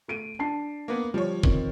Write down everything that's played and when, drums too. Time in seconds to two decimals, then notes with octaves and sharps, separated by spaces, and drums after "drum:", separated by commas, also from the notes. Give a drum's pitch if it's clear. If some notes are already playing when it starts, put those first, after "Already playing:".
0.08 A3 D7 D#7
0.39 D4 A5 C7
0.88 A#3 B3
1.14 F3 G3 C#5
1.43 D#3 C4, drum: kick